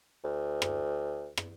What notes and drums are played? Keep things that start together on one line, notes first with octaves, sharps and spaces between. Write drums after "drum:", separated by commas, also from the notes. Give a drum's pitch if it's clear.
D2
drum: rim click
drum: rim click